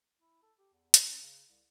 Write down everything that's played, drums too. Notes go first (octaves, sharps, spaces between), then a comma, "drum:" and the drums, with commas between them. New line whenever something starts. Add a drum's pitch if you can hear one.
E4
A4
G4
E2
F#3, drum: hi-hat
C#4
C#3
C2